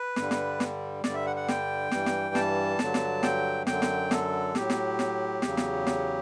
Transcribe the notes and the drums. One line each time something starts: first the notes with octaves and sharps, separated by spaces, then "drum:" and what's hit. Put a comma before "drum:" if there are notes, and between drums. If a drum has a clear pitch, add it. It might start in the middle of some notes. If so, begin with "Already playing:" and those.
Already playing: B4
G2 D3 G3, drum: snare
drum: snare
drum: snare
G2 D3 G3 D5, drum: snare
E5
F#5
F#5
G5, drum: snare
G2 E3 G3, drum: snare
drum: snare
A5, drum: snare
G2 D3 F#3, drum: snare
drum: snare
G5, drum: snare
F#2 D3 F#3 G5, drum: snare
drum: snare
A4, drum: snare
A2 F#3 G4, drum: snare
drum: snare
drum: snare
E2 C#3 F#3, drum: snare
drum: snare
drum: snare